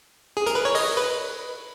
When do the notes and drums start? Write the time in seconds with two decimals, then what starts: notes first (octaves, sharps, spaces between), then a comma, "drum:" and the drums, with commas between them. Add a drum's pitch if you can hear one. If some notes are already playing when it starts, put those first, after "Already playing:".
0.37 G#4
0.46 A#4, drum: hi-hat
0.55 B4
0.65 C#5
0.75 D#5, drum: open hi-hat
0.97 B4